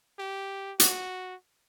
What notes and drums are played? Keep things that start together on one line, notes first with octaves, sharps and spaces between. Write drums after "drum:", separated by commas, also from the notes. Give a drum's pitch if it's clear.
G4
F#4, drum: hi-hat